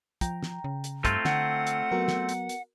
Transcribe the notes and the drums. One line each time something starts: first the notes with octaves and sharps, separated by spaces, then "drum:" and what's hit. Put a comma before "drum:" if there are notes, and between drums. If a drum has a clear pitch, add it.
F3 G5 A#5, drum: kick, hi-hat
drum: snare
C#3
drum: hi-hat
G2 A3 C4 F4, drum: kick, hi-hat
D3 F#5, drum: snare
drum: hi-hat
F#3 B3 F#4 A#4
drum: snare
drum: hi-hat
drum: hi-hat